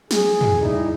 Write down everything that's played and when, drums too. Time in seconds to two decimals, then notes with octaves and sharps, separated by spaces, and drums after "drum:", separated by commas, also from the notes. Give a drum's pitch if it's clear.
0.11 G#4, drum: snare F3
0.41 drum: tom
0.61 G3 D#4 E4